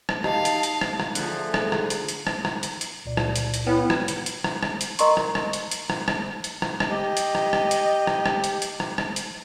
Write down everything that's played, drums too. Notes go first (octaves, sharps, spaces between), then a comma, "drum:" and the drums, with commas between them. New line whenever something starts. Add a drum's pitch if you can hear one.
drum: rim click
D#4 G4 F5 A5, drum: rim click
drum: hi-hat
drum: hi-hat
drum: rim click
drum: rim click
D3 F3 A3 G#4, drum: hi-hat
drum: rim click
drum: rim click
drum: hi-hat
drum: hi-hat
drum: rim click
drum: rim click
drum: hi-hat
drum: hi-hat
C#2 A#2 D5
drum: rim click
drum: hi-hat
drum: hi-hat
B3 E4 B4 C#5 G5
drum: rim click
drum: hi-hat
drum: hi-hat
drum: rim click
drum: rim click
drum: hi-hat
A#4 D#5 A#5 C6 C#6, drum: hi-hat
drum: rim click
drum: rim click
drum: hi-hat
drum: hi-hat
drum: rim click
drum: rim click
drum: hi-hat
drum: rim click
drum: rim click
G4 D#5
drum: hi-hat
drum: rim click
drum: rim click
drum: hi-hat
drum: rim click
drum: rim click
drum: hi-hat
drum: hi-hat
drum: rim click
drum: rim click
drum: hi-hat